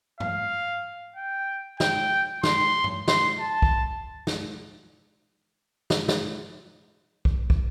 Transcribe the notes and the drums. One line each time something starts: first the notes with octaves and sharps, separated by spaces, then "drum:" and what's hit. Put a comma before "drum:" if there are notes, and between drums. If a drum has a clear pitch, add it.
F5, drum: tom G#2
G5
G5, drum: snare
C6, drum: snare
drum: tom G#2
C6, drum: snare
A5
drum: kick
drum: snare
drum: snare
drum: snare
drum: kick
drum: kick